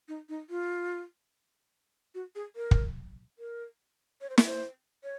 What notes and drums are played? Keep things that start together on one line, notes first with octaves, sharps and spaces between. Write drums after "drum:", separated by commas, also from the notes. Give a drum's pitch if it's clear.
D#4
D#4
F4
F#4
G#4
A#4
drum: kick
A#4
C#5
C5
A#4, drum: snare
C5
C#5